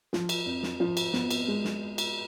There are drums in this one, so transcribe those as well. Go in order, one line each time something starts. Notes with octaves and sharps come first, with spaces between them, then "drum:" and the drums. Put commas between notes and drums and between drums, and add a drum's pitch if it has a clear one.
F3, drum: snare
drum: cymbal
F2
drum: snare
F3
drum: cymbal
B3, drum: snare
drum: cymbal
G#3
drum: snare
drum: cymbal